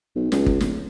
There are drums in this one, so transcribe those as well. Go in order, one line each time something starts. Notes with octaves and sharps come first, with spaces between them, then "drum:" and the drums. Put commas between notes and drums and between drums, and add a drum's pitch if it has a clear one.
B1
C#2, drum: snare
drum: kick
D1, drum: snare